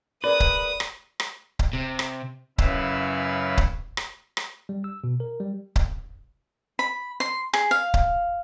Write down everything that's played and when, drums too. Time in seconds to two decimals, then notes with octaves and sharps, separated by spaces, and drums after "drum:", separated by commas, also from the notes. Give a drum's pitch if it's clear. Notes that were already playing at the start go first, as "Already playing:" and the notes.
0.24 G#4 A#4 B4 D5 D#6
0.40 drum: kick C#1
0.80 drum: rim click
1.20 drum: rim click
1.59 drum: kick C#1
1.73 C3
1.99 drum: rim click
2.58 F#2 C#3 E4 B4 F5 E6, drum: kick C#1
3.58 drum: kick C#1
3.97 drum: rim click
4.37 drum: rim click
4.69 G3
4.84 E6
5.04 B2
5.20 A#4
5.40 G3
5.76 drum: kick C#1
6.79 B5
7.20 C6
7.53 G#4, drum: rim click
7.71 F5
7.94 drum: kick C#1